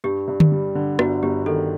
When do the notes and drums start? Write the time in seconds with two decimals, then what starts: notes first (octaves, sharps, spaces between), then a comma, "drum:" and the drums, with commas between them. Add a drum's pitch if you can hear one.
0.04 G2 G4
0.28 G2
0.40 drum: tom D3
0.52 G3
0.75 D3
0.99 G1 F#4, drum: rim click
1.23 G1 G4
1.46 D#3 A4